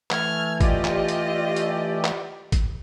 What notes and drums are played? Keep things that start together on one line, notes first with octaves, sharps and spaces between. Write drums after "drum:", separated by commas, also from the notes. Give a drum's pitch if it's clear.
E3 A3 F6 G#6, drum: clap
F4 G4 D5 D#5, drum: kick, hi-hat
drum: clap
drum: hi-hat
drum: hi-hat
drum: clap
drum: kick, hi-hat